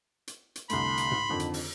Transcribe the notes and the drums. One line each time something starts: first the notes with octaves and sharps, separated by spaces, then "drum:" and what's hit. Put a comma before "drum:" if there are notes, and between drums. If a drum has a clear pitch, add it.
drum: hi-hat
drum: hi-hat
C2 D3 A3 B5 C6, drum: hi-hat
drum: hi-hat
drum: tom G#2
F2 D3 D#3
drum: hi-hat
drum: open hi-hat